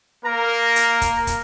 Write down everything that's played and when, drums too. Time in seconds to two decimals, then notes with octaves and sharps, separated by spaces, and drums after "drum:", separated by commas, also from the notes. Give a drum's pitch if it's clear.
0.25 A#3 A#4 A#5
0.76 drum: hi-hat
1.01 drum: kick, hi-hat
1.27 drum: kick, hi-hat